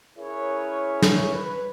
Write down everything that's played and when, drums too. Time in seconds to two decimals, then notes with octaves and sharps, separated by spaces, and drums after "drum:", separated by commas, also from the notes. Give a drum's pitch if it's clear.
0.18 C#4 E4 G#4 A#4 B4 C#5
1.02 drum: snare
1.33 B4